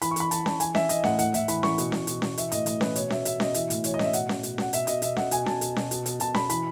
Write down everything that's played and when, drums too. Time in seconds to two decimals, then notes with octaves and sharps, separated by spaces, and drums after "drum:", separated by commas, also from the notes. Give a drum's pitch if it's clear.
0.02 E3 B5, drum: hi-hat
0.11 C#6
0.16 E3 B5, drum: hi-hat
0.31 E3 A5, drum: hi-hat
0.46 E3 A5, drum: snare C#4
0.60 E3 G#5, drum: hi-hat
0.75 E3 E5, drum: snare C#4
0.89 E3 D#5, drum: hi-hat
1.04 A2 F#5, drum: snare C#4
1.19 A2 F#5, drum: hi-hat
1.34 A2 E5, drum: hi-hat
1.48 E3 B5, drum: hi-hat
1.63 E3 C#6, drum: snare C#4
1.78 B2, drum: hi-hat
1.92 B2, drum: snare C#4
2.07 B2, drum: hi-hat
2.22 B2, drum: snare C#4
2.38 E3 E5, drum: hi-hat
2.52 A2 D#5, drum: hi-hat
2.66 A2 D#5, drum: hi-hat
2.81 E3 B4, drum: snare C#4
2.96 B2 C#5, drum: hi-hat
3.10 B2 E5, drum: snare C#4
3.25 B2 E5, drum: hi-hat
3.40 B2 D#5, drum: snare C#4
3.54 E3 E5, drum: hi-hat
3.70 A2, drum: hi-hat
3.84 E3 C#5, drum: hi-hat
3.94 D#5
3.99 A2 E5, drum: snare C#4
4.13 B2 F#5, drum: hi-hat
4.29 B2, drum: snare C#4
4.43 B2, drum: hi-hat
4.58 B2 F#5, drum: snare C#4
4.73 B2 E5, drum: hi-hat
4.87 B2 D#5, drum: hi-hat
5.02 B2 E5, drum: hi-hat
5.17 B2 F#5, drum: snare C#4
5.31 B2 G#5, drum: hi-hat
5.46 B2 A5, drum: snare C#4
5.61 B2, drum: hi-hat
5.76 B2, drum: snare C#4
5.91 B2, drum: hi-hat
6.06 B2, drum: hi-hat
6.20 B2 A5, drum: hi-hat
6.34 B2 B5, drum: snare C#4
6.49 E3 B5, drum: hi-hat